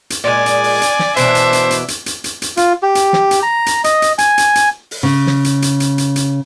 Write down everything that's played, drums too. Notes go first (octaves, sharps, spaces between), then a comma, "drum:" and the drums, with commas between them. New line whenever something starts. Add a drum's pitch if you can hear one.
drum: hi-hat
A#2 G#3 D5 G#5
drum: hi-hat
drum: open hi-hat
drum: hi-hat
drum: snare
B2 E3 D4 C5 E5, drum: hi-hat
drum: hi-hat
drum: hi-hat
drum: hi-hat
drum: hi-hat
drum: hi-hat
drum: hi-hat
drum: hi-hat
F4, drum: hi-hat
G4
drum: hi-hat
drum: snare
drum: hi-hat
A#5
drum: hi-hat
D#5, drum: hi-hat
drum: hi-hat
G#5, drum: hi-hat
drum: hi-hat
drum: hi-hat
drum: open hi-hat
C#3
drum: snare
drum: hi-hat
drum: hi-hat
drum: hi-hat
drum: hi-hat
drum: hi-hat